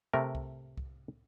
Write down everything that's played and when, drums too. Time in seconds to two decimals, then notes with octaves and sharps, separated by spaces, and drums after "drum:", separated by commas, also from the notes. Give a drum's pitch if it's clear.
0.13 C3 A3 A#4
0.35 drum: kick C2
0.77 drum: kick C2